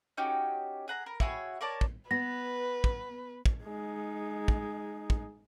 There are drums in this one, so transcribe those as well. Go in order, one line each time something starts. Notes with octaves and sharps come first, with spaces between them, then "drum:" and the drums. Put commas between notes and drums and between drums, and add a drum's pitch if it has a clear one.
C#4 D#4 F#4 G4
G#4 F#5 A#5
A#4
E4 F#4 G#4 C#5, drum: kick
A#4 C#5 D5 A5
drum: kick
B3 B4 A#6
drum: kick
drum: kick
G#3 D#4
drum: kick
drum: kick